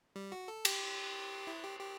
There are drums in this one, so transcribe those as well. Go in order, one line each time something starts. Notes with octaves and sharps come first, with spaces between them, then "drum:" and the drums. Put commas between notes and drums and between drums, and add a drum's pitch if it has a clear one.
G3
F#4
A4
G4, drum: cymbal
E4
G4
G4